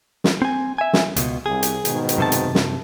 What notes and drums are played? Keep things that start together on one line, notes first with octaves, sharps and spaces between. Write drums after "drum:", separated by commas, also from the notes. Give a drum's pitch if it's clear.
drum: snare
C4 G#5
E5 G#5
drum: snare
C#2 B2, drum: hi-hat
C2 G#4
drum: hi-hat
G#2 B2 D#3, drum: hi-hat
drum: hi-hat
F#2 C3 A5
drum: hi-hat
drum: snare